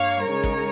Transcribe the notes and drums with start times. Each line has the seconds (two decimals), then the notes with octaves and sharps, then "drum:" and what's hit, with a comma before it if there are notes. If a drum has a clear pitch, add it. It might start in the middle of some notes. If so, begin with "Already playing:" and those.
Already playing: G2 G3 A#3 C#5 F5
0.30 C#3 G#3 D#4 A#4 C#5
0.44 drum: kick